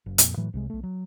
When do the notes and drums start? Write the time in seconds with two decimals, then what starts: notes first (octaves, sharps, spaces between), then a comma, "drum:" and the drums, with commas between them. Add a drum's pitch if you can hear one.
0.06 F#1
0.18 F2 A#2, drum: hi-hat
0.37 A2 E3 F#3
0.53 C2 C3 G#3
0.70 B1 A3
0.83 F#3